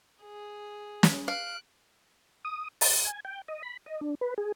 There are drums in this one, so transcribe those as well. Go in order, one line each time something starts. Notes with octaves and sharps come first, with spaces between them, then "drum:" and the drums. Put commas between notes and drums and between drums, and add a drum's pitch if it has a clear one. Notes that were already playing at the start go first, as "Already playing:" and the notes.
G#4
drum: snare
F5 F#6 D7
D#6
A6, drum: open hi-hat
G#5
G5
D#5
B5
D#5
D4
B4
G#4